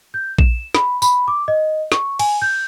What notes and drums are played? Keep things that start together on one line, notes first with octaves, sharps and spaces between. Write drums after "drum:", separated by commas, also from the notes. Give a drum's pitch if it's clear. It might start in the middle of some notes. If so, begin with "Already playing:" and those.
G6
E7, drum: kick A#1
B5, drum: snare
B5, drum: tambourine
D6
D#5
C#6, drum: snare
G#5, drum: cymbal
G6